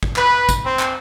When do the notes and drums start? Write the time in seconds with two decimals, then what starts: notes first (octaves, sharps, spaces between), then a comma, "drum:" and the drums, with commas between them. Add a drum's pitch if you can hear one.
0.03 drum: kick
0.16 B4, drum: clap
0.49 drum: kick, tambourine
0.64 C4
0.79 drum: clap